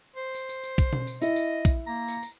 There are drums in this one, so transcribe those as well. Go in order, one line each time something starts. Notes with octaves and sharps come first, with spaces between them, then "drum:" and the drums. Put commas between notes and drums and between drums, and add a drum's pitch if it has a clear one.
C5
drum: tambourine
drum: tambourine
drum: tambourine
drum: kick A#1, tambourine
drum: tom B2
drum: tambourine
E4 D#5, drum: tambourine
drum: tambourine
drum: kick A#1, tambourine
A#3 A#5
drum: tambourine
drum: tambourine